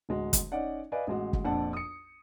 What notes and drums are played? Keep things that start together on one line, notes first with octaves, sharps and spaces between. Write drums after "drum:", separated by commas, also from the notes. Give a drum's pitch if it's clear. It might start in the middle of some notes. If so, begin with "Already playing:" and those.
D1 G#3 F#4
drum: kick, hi-hat
C#4 D#4 D5 F#5
B4 D5 D#5 F5 G#5
A1 G#3 F#4
drum: kick
A#1 F2 D4 F#5 A5
D#6 C#7